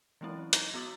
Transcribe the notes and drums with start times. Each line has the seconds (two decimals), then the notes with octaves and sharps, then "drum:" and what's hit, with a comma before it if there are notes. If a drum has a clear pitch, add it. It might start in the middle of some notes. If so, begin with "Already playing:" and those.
0.21 E3 F#3 G#3 C4 C#4 E4
0.53 D#4 C#5 D#5 A#5 G#6 A#6, drum: hi-hat
0.74 B3 F#4 D6 D#6 A6 F#7